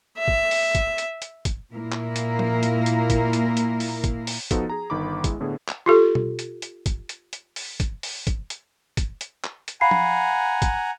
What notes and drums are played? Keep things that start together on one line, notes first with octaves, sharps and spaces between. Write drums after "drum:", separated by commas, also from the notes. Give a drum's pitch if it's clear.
E5
drum: kick
drum: open hi-hat
drum: kick, hi-hat
drum: hi-hat
drum: hi-hat
drum: kick, hi-hat
A#2 A#3 E4 A#4
drum: clap
drum: hi-hat
drum: tom F3
drum: hi-hat
drum: hi-hat
drum: kick, hi-hat
drum: hi-hat
drum: hi-hat
drum: open hi-hat
drum: kick, hi-hat
drum: open hi-hat
F3 B3 D#4 F4 F#4 A4, drum: kick, hi-hat
G#4 A#5
G1 D#3 B5 D6
G#3 E4, drum: kick, hi-hat
A2 D3 B3 G#4
drum: clap
F4 G4 A4
drum: tom B2
drum: hi-hat
drum: hi-hat
drum: kick, hi-hat
drum: hi-hat
drum: hi-hat
drum: open hi-hat
drum: kick, hi-hat
drum: open hi-hat
drum: kick, hi-hat
drum: hi-hat
drum: kick, hi-hat
drum: hi-hat
drum: clap
drum: hi-hat
F5 F#5 G#5 A#5 B5 C7
drum: tom F3
drum: kick, hi-hat